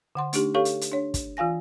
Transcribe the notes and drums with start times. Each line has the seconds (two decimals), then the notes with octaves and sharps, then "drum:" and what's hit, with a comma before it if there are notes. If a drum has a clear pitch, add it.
0.15 D3 F#5 C6
0.33 A3 D4 D#4 G4, drum: hi-hat
0.54 G4 A4 C#5 F5 C#6
0.65 drum: hi-hat
0.81 drum: hi-hat
0.92 D4 C#5
1.14 drum: kick, hi-hat
1.37 E3 F4 F5 G#5 A#6